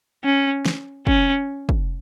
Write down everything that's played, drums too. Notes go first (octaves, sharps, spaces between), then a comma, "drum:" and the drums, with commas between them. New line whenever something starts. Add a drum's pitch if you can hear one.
C#4
drum: snare
C#4, drum: kick
drum: kick